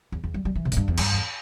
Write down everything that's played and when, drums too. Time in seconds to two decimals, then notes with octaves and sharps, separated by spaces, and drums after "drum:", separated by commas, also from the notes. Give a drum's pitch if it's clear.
0.12 E2
0.24 E2
0.34 G3
0.45 G3
0.55 E3
0.65 C3
0.72 A2, drum: hi-hat
0.77 G2
0.88 E2
0.97 G2, drum: cymbal
1.13 E2